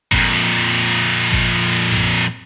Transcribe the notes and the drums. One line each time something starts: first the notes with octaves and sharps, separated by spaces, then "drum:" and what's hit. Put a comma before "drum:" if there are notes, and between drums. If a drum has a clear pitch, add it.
F2 A#2, drum: kick G#1, hi-hat
drum: kick G#1, hi-hat
drum: tom F#2